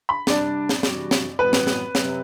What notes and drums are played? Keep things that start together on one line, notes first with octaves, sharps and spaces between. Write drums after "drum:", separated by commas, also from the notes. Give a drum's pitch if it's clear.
B5
C3 G3 D4 D5, drum: snare
drum: snare
C3 E3 G3 D4 F#4, drum: snare
drum: snare
A2 E3 G3 B3 F#4 B4
drum: snare
drum: snare
C3 F#3 C4, drum: snare